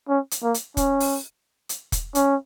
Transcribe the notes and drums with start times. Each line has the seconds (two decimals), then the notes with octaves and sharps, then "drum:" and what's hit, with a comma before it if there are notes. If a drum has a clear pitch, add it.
0.09 C#4
0.31 drum: hi-hat
0.43 A#3
0.54 drum: hi-hat
0.77 C#4, drum: kick, hi-hat
1.00 drum: open hi-hat
1.69 drum: hi-hat
1.92 drum: kick, hi-hat
2.15 C#4, drum: hi-hat